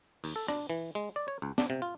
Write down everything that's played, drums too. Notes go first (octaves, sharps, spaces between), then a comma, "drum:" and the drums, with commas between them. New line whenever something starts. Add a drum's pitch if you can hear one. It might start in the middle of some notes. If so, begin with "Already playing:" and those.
D#2, drum: open hi-hat
A4
D4, drum: rim click
E3
G#3
D5
C#5
C#2
D4, drum: snare
C3
F4